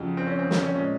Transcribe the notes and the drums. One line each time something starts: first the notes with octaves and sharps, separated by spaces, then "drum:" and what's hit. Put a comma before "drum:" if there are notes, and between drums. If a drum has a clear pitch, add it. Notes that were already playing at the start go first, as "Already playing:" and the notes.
Already playing: F2 C#3 F#3 F4
C4
C#4
C4
C4, drum: snare
C#4
A#2 G#3 C#4